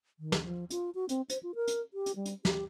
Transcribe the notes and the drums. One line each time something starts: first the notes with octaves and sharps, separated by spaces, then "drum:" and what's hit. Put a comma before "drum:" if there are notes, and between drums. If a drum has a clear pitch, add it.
D#3
drum: snare
F3
F4, drum: hi-hat
F#4
C4, drum: hi-hat
C5, drum: hi-hat
F4
A#4
drum: hi-hat
G4
drum: hi-hat
G3
drum: hi-hat
G4, drum: snare